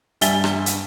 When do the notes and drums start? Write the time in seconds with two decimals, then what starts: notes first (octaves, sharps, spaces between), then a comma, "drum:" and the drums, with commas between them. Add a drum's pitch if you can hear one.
0.21 G2 G3 E5 G#5 A6 G7, drum: hi-hat
0.44 drum: rim click
0.66 drum: hi-hat